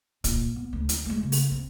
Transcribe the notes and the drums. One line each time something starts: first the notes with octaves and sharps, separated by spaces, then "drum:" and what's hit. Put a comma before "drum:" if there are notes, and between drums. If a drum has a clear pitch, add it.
A#2, drum: kick, hi-hat
B3
D2
drum: hi-hat
G#3 A3
C#3
drum: open hi-hat
C4